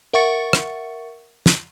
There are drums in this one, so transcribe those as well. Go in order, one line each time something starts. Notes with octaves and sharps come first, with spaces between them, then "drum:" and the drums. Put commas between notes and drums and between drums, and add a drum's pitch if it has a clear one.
A#4 E5 F#5 C#6 A6 C#7
drum: rim click
drum: snare